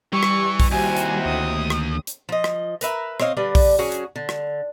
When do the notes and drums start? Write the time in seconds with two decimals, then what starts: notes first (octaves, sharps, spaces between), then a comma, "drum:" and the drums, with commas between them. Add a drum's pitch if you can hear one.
0.13 E3 G3 C#6
0.23 drum: rim click
0.60 drum: kick B1, open hi-hat
0.72 D#2 C3 E4 F#4 G#5
0.97 drum: hi-hat
1.26 D2 D#6
1.70 drum: rim click
2.07 drum: hi-hat
2.29 F3 D#5
2.44 drum: rim click
2.81 A#4 B4 E5, drum: hi-hat
3.20 C4 C#5 D#5 F5, drum: rim click
3.37 D3 G3 B4
3.55 drum: kick B1, open hi-hat
3.79 F#3 C#4 F#4 G#4
3.92 drum: hi-hat
4.16 D3
4.29 drum: rim click